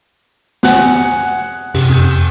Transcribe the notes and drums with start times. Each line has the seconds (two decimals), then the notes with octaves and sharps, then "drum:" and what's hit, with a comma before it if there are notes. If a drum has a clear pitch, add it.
0.63 G#4 F#5, drum: snare
1.74 F#2 C3, drum: cymbal
1.90 F2 G6